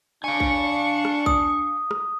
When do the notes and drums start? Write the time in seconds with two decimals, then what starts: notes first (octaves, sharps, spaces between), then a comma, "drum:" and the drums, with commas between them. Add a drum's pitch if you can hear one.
0.24 D4 F5 G#5 C#6
0.40 drum: kick A#1
1.05 drum: rim click
1.26 D#6, drum: kick A#1
1.91 drum: rim click